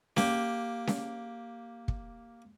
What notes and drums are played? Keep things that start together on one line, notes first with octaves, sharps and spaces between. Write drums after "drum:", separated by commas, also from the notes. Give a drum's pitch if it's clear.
A#3 G4, drum: snare C#4
drum: snare C#4
drum: kick